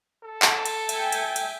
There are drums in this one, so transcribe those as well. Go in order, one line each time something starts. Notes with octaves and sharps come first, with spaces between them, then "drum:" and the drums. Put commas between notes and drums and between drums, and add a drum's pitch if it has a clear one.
A4
drum: clap
drum: cymbal
E5 G5 G#5, drum: cymbal
drum: cymbal
drum: cymbal